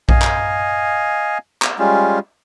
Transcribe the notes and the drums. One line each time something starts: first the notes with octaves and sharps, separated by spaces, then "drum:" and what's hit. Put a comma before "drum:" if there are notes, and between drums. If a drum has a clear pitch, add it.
D#5 F5 G#5, drum: kick A#1
drum: clap
drum: clap
G3 G#3 C#4 F4